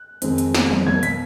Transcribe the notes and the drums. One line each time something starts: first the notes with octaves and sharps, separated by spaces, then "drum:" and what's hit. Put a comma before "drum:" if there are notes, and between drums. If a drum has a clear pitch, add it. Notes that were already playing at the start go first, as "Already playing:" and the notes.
Already playing: F#6
F2 D#3 G#3, drum: hi-hat
drum: hi-hat
drum: snare
drum: tom
B2 A#3 G#6, drum: tom
B6, drum: hi-hat